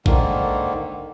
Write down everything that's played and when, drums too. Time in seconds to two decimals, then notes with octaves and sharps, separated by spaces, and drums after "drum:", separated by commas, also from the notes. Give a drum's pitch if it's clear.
0.06 G#2 D3 D#3 A#3, drum: kick G#1